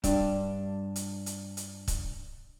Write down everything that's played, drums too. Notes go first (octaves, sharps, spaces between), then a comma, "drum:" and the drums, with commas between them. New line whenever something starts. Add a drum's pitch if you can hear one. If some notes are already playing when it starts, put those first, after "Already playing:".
G2 D4, drum: kick, hi-hat
drum: hi-hat
drum: hi-hat
drum: hi-hat
drum: kick, hi-hat